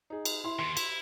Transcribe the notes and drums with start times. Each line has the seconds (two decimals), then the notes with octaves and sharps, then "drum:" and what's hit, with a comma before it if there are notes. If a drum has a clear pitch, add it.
0.10 D#4 G#4
0.25 drum: cymbal
0.44 E4 C6
0.59 D#2 D#3 C6
0.77 E4, drum: cymbal